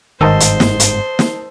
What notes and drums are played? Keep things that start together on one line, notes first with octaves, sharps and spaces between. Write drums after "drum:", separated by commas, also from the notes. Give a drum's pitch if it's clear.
G1 G#2 D#3 C5 D#5 A5 E6
drum: hi-hat
drum: snare
drum: hi-hat
drum: snare